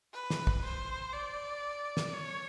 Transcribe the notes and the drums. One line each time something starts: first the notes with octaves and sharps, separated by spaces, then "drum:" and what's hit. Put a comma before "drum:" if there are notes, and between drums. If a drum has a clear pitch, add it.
B4
drum: snare
drum: kick
C5
D5
drum: snare
C#5